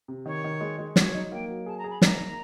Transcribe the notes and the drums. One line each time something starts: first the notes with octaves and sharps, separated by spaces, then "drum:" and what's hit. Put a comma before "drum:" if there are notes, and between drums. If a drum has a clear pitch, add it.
C3
D#3 C#5
D#3
G#3
G#3
F#3 C#5, drum: snare
D#4
A#3 G5
F#3
G#4 A5
A#5
G#4
B5
D#4 A#5, drum: snare
A#3